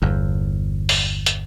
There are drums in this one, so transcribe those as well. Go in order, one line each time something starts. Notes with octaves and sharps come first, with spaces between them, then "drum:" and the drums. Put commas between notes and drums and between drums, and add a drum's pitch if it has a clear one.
G1 E2
drum: open hi-hat
drum: hi-hat